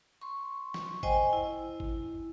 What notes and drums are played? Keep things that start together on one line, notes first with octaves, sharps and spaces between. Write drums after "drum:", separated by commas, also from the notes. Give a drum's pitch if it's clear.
C6 C#6
drum: snare
C5 D#5 G5 G#5, drum: kick G#1
E4
drum: kick G#1